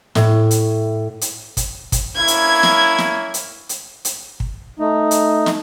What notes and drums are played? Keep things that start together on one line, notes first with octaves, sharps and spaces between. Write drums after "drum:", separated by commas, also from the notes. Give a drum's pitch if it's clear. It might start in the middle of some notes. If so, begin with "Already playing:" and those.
A2, drum: snare
drum: hi-hat
drum: hi-hat
drum: kick, hi-hat
drum: kick, hi-hat
A#3 C#4 E4 G#6
drum: hi-hat
drum: snare
drum: snare
drum: hi-hat
drum: hi-hat
drum: hi-hat
drum: kick
A3 D#4
drum: hi-hat
drum: snare